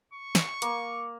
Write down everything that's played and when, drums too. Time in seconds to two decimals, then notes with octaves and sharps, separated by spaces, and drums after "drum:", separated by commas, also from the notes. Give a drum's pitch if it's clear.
0.13 C#6
0.35 drum: snare
0.62 A#3, drum: hi-hat